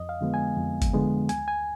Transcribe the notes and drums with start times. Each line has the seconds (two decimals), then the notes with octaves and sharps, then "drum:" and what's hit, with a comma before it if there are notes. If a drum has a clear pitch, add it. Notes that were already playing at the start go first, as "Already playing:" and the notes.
Already playing: F2 D#5
0.09 F5
0.21 D3 F3 G#3 B3
0.34 G#5
0.58 F2
0.82 drum: kick G1, hi-hat
0.93 D3 F3 G#3 B3
1.29 D2 G#5, drum: hi-hat
1.48 G#5